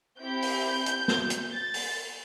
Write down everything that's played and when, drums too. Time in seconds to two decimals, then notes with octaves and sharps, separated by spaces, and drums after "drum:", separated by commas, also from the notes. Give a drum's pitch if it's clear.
0.20 C4 E4 G4 G6
0.42 drum: open hi-hat
0.86 drum: hi-hat
1.08 drum: snare
1.30 drum: hi-hat
1.52 A6
1.74 drum: open hi-hat